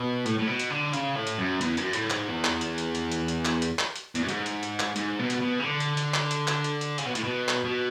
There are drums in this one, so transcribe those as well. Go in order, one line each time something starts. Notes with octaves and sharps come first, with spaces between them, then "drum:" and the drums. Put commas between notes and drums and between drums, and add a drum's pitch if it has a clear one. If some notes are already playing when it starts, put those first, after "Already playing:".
Already playing: B2
A2, drum: hi-hat
A2
B2
drum: hi-hat
D3
C#3, drum: hi-hat
A2
drum: hi-hat
F#2
E2, drum: hi-hat
F#2, drum: hi-hat
A2, drum: hi-hat
G#2, drum: clap
E2
drum: clap
drum: hi-hat
drum: hi-hat
drum: hi-hat
drum: hi-hat
drum: hi-hat
drum: clap
drum: hi-hat
drum: clap
drum: hi-hat
E2, drum: hi-hat
F#2
G#2, drum: hi-hat
drum: hi-hat
drum: hi-hat
drum: clap
G#2, drum: hi-hat
B2
drum: hi-hat
B2
C#3
D3
drum: hi-hat
drum: hi-hat
drum: clap
drum: hi-hat
drum: clap
drum: hi-hat
drum: hi-hat
C#3, drum: hi-hat
B2
A2, drum: hi-hat
B2
drum: clap
B2